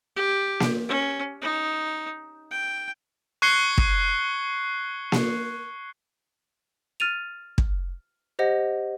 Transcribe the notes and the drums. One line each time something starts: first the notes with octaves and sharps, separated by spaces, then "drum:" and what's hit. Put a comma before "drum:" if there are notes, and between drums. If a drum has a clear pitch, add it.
G4
drum: snare A#3
C#4
D#4
G5
C#6 F#6 G#6 C7 C#7 G7
drum: kick
drum: snare A#3
F6 A6 D#7 F7
drum: kick
G4 C5 D#5 F#5 A#6